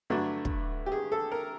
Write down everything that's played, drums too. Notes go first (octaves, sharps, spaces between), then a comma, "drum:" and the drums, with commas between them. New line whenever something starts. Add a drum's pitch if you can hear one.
G2 D3 F#3 A3 D4 F#4
drum: kick
G4
G#4
A4
A#4